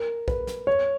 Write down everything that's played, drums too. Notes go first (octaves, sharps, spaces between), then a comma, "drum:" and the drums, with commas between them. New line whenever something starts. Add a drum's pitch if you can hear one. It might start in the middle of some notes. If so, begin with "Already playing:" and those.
Already playing: A#4
B4, drum: kick B1
drum: snare
C#5